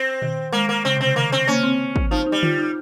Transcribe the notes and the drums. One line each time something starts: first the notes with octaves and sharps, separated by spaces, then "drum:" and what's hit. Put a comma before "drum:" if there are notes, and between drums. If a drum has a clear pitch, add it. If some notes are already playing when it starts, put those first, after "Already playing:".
Already playing: C4
D#3, drum: tom A#2
G#3 A#3
A#3
C#3 C4
C3 C4
C#3
D#3 A#3
C4
A#3 C#4
C4
drum: kick
F3 D#4
D#4
G3
F4, drum: tom D3
D#4